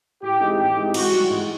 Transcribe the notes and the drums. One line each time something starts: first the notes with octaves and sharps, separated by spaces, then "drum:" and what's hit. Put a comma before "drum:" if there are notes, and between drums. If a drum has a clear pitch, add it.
A2 G4
E3 G#3 C4 D#4
A2 G4
E3 G#3 C4 D#4
G#2 F#4, drum: cymbal
E3 G3
G#2